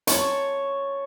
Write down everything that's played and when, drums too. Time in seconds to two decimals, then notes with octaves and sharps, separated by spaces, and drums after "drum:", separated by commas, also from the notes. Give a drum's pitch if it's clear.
0.07 C#5 A5 C#6, drum: hi-hat